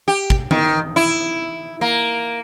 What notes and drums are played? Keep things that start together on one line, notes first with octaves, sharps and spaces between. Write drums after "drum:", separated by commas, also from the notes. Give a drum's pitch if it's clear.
G4
drum: kick
D#3, drum: tom D#3
E4
A#3